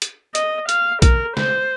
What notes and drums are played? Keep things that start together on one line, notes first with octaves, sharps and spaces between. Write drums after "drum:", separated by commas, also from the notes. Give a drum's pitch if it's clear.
drum: hi-hat
D#5, drum: hi-hat
F5, drum: hi-hat
A#4, drum: kick A#1, hi-hat
C5, drum: snare